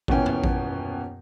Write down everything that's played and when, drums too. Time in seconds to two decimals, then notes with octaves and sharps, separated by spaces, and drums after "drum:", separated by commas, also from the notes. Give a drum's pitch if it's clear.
0.08 D#1 B2 E3 C#4 G5, drum: kick A1
0.26 drum: tom F#2
0.44 drum: kick A1